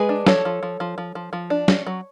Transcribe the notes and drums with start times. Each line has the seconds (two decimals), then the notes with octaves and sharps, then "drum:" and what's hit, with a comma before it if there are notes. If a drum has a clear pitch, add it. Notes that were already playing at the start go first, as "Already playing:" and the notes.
Already playing: G#3 G#4 B4
0.09 D4
0.27 F3 A4 C#5, drum: snare
0.45 F3
0.63 F3
0.80 F3
0.98 F3
1.15 F3
1.33 F3
1.50 D4
1.68 C#4, drum: snare
1.86 F#3